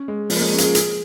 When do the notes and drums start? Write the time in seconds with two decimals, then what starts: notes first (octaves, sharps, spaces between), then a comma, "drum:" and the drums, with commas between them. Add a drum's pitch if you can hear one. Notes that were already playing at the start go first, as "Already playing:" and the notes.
Already playing: C#4
0.08 G#3
0.30 F3, drum: open hi-hat
0.36 A#3
0.41 G#3
0.53 C#4
0.58 F4, drum: hi-hat
0.63 G#4
0.75 G#4, drum: hi-hat